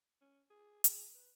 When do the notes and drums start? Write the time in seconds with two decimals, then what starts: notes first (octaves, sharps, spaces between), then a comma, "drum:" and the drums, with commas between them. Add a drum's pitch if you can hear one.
0.21 C#4
0.50 G#4
0.84 G#4, drum: hi-hat
1.15 B4